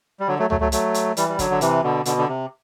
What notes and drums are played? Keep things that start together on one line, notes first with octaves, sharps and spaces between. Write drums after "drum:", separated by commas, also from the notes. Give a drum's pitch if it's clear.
G3
D3 F#3
F#3 A3
F#3 A3, drum: tom
F#3 A3
F#3 A3, drum: hi-hat
drum: hi-hat
E3 G3, drum: hi-hat
G3
D3 F#3, drum: kick, hi-hat
D3
C3 E3, drum: hi-hat
B2 D3
B2 D3, drum: hi-hat
D3
C3